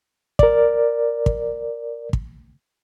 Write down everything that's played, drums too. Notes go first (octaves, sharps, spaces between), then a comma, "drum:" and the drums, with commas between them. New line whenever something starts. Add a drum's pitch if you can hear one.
A#4 D5, drum: kick
drum: kick
drum: kick